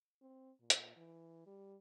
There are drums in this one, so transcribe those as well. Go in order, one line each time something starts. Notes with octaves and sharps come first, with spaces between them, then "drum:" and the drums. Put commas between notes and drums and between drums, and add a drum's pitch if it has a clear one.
C4
A#2
drum: hi-hat
E3
G3